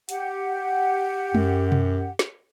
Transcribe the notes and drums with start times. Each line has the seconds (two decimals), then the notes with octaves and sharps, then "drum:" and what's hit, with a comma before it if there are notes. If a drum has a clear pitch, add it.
0.09 G4 F#5, drum: hi-hat
1.35 F#2, drum: tom
1.72 drum: tom B2
2.19 drum: snare